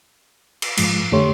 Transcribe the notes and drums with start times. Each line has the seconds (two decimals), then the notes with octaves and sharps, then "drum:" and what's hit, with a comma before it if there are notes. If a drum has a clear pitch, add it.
0.62 drum: cymbal
0.77 G#2 F3 G#3, drum: cymbal
1.12 F2 D3 A3 G4 C#5 C6